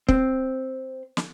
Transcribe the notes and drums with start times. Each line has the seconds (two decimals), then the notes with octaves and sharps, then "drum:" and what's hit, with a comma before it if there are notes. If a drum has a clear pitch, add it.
0.09 C4, drum: kick
1.17 drum: snare